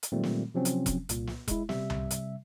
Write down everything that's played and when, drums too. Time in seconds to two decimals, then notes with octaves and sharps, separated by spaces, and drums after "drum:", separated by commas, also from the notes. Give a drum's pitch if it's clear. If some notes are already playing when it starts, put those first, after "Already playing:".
0.03 drum: hi-hat
0.12 A#2 D#3 F#3 G3 A3 C4
0.23 drum: snare
0.55 C3 F3 F#3 C4 C#4
0.65 drum: hi-hat
0.86 drum: kick E1, hi-hat
1.09 C2 A#2, drum: hi-hat
1.27 drum: snare
1.48 G#3 E4, drum: kick E1, hi-hat
1.69 C3 G3 E5, drum: snare
1.90 drum: tom C2
2.11 drum: hi-hat